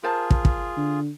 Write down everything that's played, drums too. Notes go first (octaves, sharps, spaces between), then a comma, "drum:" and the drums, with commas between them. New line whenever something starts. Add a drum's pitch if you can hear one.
F4 G#4 A#4 C5 A5
drum: kick
drum: kick
D3